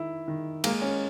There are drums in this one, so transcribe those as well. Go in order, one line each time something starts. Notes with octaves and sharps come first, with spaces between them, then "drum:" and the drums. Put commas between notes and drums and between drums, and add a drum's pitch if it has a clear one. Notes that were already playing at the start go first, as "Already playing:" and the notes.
Already playing: D#3 E4
D#3
G#3 A#3, drum: cymbal
C#4